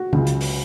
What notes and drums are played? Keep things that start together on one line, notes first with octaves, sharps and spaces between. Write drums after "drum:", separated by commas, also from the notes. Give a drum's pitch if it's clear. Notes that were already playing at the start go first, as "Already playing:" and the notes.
Already playing: F#4
C#2 C#3 F#3, drum: tom
drum: hi-hat
drum: open hi-hat